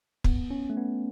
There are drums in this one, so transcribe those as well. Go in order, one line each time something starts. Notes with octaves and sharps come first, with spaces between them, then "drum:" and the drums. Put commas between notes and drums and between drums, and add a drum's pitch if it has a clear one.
B3, drum: kick
C#4
A3
B3